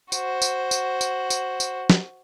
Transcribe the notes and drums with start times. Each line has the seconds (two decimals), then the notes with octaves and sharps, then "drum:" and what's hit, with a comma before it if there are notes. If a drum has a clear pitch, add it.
0.12 F#4 C5, drum: tambourine
0.42 drum: tambourine
0.71 drum: tambourine
1.01 drum: tambourine
1.30 drum: tambourine
1.60 drum: tambourine
1.90 drum: snare